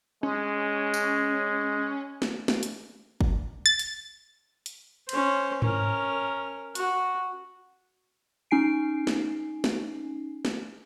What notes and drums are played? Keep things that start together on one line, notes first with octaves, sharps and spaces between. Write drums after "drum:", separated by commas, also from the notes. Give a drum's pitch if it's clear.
G#3 C#4
drum: tambourine
drum: snare
drum: snare
drum: hi-hat
drum: kick G1
A6
drum: hi-hat
drum: hi-hat
C#4 C5, drum: cymbal
C#4 A#4, drum: tom G#2
F#4, drum: hi-hat
C#4 D#4 G#5 C7 D7
drum: snare
drum: snare
drum: snare